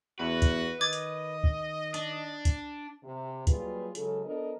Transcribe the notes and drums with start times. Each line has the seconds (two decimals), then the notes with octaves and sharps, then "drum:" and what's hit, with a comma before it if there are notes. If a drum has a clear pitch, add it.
0.19 E2 F#4 B4
0.42 drum: kick, hi-hat
0.81 D#3 D#5 D6 G#6 A6
0.93 drum: hi-hat
1.44 drum: kick
1.94 D4, drum: hi-hat
2.45 drum: kick, hi-hat
3.04 C3
3.47 F#3 G3 A#3 F4 G#4 B4, drum: kick, hi-hat
3.95 C#3 F#3 G#3 G#4 A4, drum: hi-hat
4.25 F3 B3 D4 A4 A#4 D#5